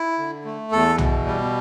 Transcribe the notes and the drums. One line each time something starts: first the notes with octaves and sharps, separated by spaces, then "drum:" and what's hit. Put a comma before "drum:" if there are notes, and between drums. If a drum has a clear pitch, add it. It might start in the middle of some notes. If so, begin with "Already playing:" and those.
Already playing: E4
D3
A3
E2 A4
B2, drum: tom B1
G3